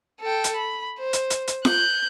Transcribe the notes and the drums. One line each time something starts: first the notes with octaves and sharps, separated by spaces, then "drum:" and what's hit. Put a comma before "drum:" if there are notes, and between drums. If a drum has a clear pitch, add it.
A4 G5
drum: hi-hat
B5
C5
drum: hi-hat
drum: hi-hat
drum: hi-hat
F#6 G6, drum: snare F4